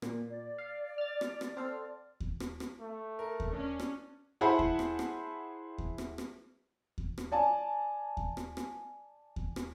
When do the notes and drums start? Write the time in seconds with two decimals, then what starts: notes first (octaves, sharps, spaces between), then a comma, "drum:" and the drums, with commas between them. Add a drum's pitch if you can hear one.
0.02 A#2, drum: rim click
0.29 D5
0.58 F5
0.98 F6 A6
1.21 drum: rim click
1.41 drum: rim click
1.57 C4 A4 F5
2.20 drum: kick D#2
2.40 drum: rim click
2.60 drum: rim click
2.80 A3
3.19 A#4
3.40 drum: kick D#2
3.52 C#4 D4
3.80 drum: rim click
4.41 E4 G#4 C5 F#5 A5 B5
4.59 drum: kick D#2
4.79 drum: rim click
4.99 drum: rim click
5.78 drum: kick D#2
5.98 drum: rim click
6.18 drum: rim click
6.98 drum: kick D#2
7.18 drum: rim click
7.32 D5 G#5 A5
8.17 drum: kick D#2
8.37 drum: rim click
8.57 drum: rim click
9.36 drum: kick D#2
9.56 drum: rim click